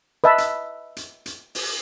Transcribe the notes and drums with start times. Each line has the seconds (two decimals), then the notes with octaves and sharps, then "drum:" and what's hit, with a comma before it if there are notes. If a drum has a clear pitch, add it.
0.24 B4 D#5 E5 A5 B5
0.38 drum: hi-hat
0.96 drum: hi-hat
1.26 drum: hi-hat
1.55 drum: open hi-hat